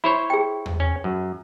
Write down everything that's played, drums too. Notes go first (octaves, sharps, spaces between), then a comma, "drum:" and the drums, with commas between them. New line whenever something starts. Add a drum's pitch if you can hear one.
E4 C5 C#5 B5
G#4 G5
drum: tom E2
C#4
F#2